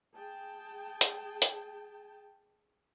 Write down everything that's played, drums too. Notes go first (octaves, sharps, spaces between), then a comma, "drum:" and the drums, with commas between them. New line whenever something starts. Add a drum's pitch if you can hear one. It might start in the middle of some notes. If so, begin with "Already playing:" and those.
G#4 G5 A5
drum: hi-hat
drum: hi-hat